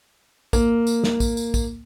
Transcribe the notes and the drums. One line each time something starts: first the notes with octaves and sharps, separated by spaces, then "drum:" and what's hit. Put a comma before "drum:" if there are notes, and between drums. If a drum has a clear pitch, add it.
A#3, drum: kick, tambourine
drum: tambourine
drum: snare
drum: kick, tambourine
drum: tambourine
drum: kick, tambourine